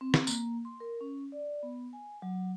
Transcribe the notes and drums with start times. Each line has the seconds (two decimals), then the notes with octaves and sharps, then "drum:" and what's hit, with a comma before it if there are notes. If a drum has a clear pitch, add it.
0.01 C4
0.14 drum: snare
0.27 A#3, drum: tambourine
0.65 C6
0.80 A#4
1.01 C#4
1.32 D5
1.63 B3
1.93 G#5
2.22 F#3